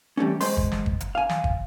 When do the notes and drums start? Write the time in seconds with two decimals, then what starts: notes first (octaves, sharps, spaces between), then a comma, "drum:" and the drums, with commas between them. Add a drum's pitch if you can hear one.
0.17 E3 G3 A3 C#4
0.41 G#3 C5 C6, drum: open hi-hat
0.57 drum: kick
0.72 drum: snare
0.86 drum: kick
1.00 drum: hi-hat
1.15 F5 G#5
1.29 drum: snare
1.44 drum: kick